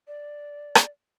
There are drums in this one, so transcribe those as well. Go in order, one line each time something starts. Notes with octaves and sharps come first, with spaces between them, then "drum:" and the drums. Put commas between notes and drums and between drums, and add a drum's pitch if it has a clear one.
D5
drum: rim click